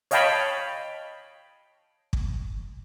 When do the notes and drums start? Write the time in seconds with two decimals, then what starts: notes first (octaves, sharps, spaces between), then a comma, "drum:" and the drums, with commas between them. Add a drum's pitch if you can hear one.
0.11 C#5 D#5 F5 G5 A5 B5, drum: hi-hat
2.13 drum: kick